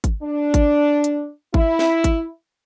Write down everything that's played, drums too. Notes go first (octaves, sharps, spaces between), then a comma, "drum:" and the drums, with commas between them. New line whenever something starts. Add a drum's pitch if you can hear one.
drum: kick G#1, hi-hat
D4
drum: kick G#1, hi-hat
drum: hi-hat
E4, drum: kick G#1
drum: snare
drum: kick G#1, hi-hat